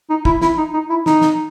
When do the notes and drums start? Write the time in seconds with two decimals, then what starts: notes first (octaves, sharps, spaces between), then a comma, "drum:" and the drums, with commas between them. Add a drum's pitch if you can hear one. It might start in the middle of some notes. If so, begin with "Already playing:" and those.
0.10 D#4
0.25 E4, drum: kick
0.41 E4, drum: snare
0.57 D#4
0.74 D#4
0.90 E4
1.06 D#4, drum: snare
1.22 drum: snare